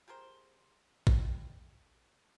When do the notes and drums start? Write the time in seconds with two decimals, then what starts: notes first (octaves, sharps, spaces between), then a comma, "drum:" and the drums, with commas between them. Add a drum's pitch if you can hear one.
0.08 G4 G#4 A#4 C5
1.07 G4 G#4 G5 G#5, drum: kick A#1